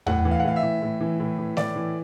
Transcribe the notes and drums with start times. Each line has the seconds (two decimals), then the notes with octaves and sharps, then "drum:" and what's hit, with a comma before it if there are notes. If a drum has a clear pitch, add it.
0.06 A2 F#5, drum: tom E2
0.25 E3
0.31 F5
0.39 F#5
0.44 A2 F5
0.56 E5
0.63 E3
0.82 A2
1.00 E3
1.20 A2
1.38 E3
1.57 A2 D5, drum: snare A3
1.76 E3